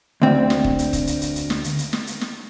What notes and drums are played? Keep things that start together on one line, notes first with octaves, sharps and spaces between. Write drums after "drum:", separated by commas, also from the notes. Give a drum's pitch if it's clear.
D2 C4
drum: snare
drum: kick
drum: hi-hat
drum: kick, hi-hat
drum: hi-hat
drum: hi-hat
drum: hi-hat
drum: snare
drum: hi-hat
drum: hi-hat
drum: snare
drum: hi-hat
drum: snare